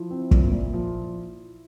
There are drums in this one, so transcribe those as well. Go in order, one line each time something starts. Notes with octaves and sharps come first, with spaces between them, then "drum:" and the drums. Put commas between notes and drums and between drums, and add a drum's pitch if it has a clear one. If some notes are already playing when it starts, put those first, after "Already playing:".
Already playing: F3 E4
C4
A#2, drum: kick
A#2
F3